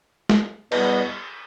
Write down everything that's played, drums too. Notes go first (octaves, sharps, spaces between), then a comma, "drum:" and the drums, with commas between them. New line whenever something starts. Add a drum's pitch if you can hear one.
drum: snare
E2 B2 G3 B3, drum: cymbal